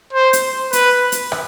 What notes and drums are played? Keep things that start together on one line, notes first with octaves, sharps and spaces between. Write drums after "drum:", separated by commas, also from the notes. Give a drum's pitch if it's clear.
C5
drum: hi-hat
B4, drum: hi-hat
drum: hi-hat
drum: rim click